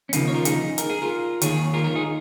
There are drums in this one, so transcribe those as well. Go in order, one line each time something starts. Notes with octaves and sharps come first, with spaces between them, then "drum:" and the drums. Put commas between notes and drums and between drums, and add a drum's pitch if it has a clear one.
C#4
D#2 C#3 F3 A#3 D#4, drum: hi-hat
C#5
F4 A#4
D#4 G#4, drum: hi-hat
A#4, drum: hi-hat
G#4
F4 A#4
D#2 D#3 G#4 C#5, drum: hi-hat
F4 A#4
F4 A#4
D#4 G#4